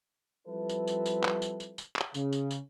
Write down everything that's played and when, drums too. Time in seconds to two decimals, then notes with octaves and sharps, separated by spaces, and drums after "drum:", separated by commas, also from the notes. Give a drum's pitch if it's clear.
0.47 F3 G3 C4 E4 A4 B4
0.69 drum: tambourine
0.88 drum: tambourine
1.06 drum: tambourine
1.24 drum: clap
1.42 drum: tambourine
1.60 drum: tambourine
1.78 drum: tambourine
1.96 drum: clap
2.14 C#3, drum: tambourine
2.32 drum: tambourine
2.51 drum: tambourine